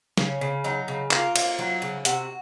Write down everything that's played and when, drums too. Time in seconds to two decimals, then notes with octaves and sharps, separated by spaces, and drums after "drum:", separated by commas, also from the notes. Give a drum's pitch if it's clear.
0.17 C#3 C#4, drum: snare
0.41 C#3
0.64 F#3 D#4
0.88 C#3
1.11 A#3 F4, drum: clap
1.36 A#3, drum: cymbal
1.59 F#3
1.82 C#3
2.05 C3 F#4, drum: hi-hat